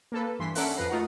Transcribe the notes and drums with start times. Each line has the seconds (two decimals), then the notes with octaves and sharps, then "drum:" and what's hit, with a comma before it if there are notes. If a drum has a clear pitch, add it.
0.12 A#3 A4 B4
0.39 G2 E3 C6 B6
0.55 C#4 D4 A4 A#4 E5 F#5, drum: open hi-hat
0.76 F2 F3 B4 A#5 C7
0.90 A3 D#4 F4 F#4 A#4 F#5